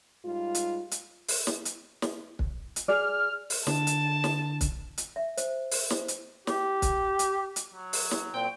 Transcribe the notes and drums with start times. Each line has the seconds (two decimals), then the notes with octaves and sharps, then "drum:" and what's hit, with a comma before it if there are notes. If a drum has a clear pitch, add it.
0.25 G#2 G3 F4
0.55 drum: hi-hat
0.91 drum: hi-hat
1.28 drum: open hi-hat
1.47 drum: snare
1.65 drum: hi-hat
2.02 drum: snare
2.39 drum: kick
2.76 drum: hi-hat
2.88 G#4 D5 F6
3.50 drum: open hi-hat
3.67 D3 A5, drum: snare
3.87 drum: hi-hat
4.24 drum: snare
4.61 drum: kick, hi-hat
4.98 drum: hi-hat
5.16 E5
5.37 C5, drum: hi-hat
5.71 drum: open hi-hat
5.90 C5, drum: snare
6.08 drum: hi-hat
6.47 G4, drum: snare
6.82 drum: kick, hi-hat
7.19 drum: hi-hat
7.56 drum: hi-hat
7.74 F#3
7.93 drum: open hi-hat
8.11 drum: snare
8.34 A#2 C4 G5